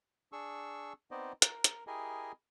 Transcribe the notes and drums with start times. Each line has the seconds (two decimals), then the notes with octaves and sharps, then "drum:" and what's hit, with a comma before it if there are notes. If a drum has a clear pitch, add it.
0.32 D4 G#4 C#6 E6
1.11 B3 C4 D#4 C5 D5 D#5
1.42 A#4, drum: hi-hat
1.64 drum: hi-hat
1.87 E4 G4 G#4 A#4 D#5 G#5